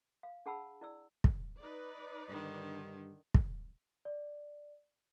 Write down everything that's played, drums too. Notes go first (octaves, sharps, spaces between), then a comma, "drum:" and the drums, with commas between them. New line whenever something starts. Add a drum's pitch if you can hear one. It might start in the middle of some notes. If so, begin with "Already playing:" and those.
F5
D4 G#4 F#5 A5 B5 E6
E4 D5 E6
drum: kick
D#4 B4 D5
G2 D3 D#3
drum: kick
D5